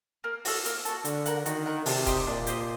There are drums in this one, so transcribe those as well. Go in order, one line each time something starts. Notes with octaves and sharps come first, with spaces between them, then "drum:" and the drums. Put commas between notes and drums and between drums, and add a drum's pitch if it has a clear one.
A#3
F#4 A4, drum: open hi-hat
A#3, drum: hi-hat
F#4 A4, drum: hi-hat
D3 F#4, drum: hi-hat
A#4 F#5, drum: hi-hat
D#3 F#4, drum: hi-hat
A#4 F#5
C3 D4, drum: open hi-hat
G4 C5 D#5, drum: kick D#1, hi-hat
A#2 D4
G4 C5 D#5, drum: hi-hat